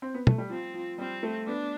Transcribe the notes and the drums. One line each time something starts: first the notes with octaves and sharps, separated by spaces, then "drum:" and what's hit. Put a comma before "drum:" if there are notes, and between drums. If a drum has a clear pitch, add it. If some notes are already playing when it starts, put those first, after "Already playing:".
C4
B3
A3, drum: tom
G3
F3 C4
F3
G3 C4
A3
B3 D4